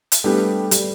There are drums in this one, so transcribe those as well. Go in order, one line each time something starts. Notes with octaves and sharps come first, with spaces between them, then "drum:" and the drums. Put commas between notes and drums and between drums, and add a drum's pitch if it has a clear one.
drum: hi-hat
G3 A3 B3 D4 G4
G3, drum: hi-hat